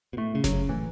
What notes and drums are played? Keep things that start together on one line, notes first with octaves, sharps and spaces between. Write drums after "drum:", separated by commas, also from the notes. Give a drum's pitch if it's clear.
B2
A2 A3
C#3
F#3, drum: snare F#1
C#3
A2 E3